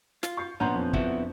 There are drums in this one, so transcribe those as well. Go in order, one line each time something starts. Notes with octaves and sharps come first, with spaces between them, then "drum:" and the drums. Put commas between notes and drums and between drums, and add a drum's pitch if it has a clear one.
F4, drum: snare
C#6 G6 C7
A#1 B3 C#4 F#5 A#5 C6 G6
F2
B3 E4 F#4, drum: kick